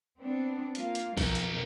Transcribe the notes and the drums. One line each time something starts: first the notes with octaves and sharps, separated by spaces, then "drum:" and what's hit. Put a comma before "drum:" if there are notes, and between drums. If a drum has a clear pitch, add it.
B3 C4 D4
A#3 F4 F5, drum: hi-hat
drum: hi-hat
B1 F2 B2 A#4, drum: kick, open hi-hat
drum: hi-hat